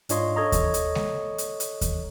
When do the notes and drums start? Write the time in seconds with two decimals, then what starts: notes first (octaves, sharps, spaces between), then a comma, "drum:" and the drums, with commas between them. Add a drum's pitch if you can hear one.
0.09 G#2 D4 F4 C#5 D#5 C6, drum: hi-hat
0.36 A4 C#5 D#5 A#5
0.52 drum: kick D#2, hi-hat
0.74 drum: hi-hat
0.95 drum: snare G#3
1.38 drum: hi-hat
1.60 drum: hi-hat
1.81 drum: kick D#2, hi-hat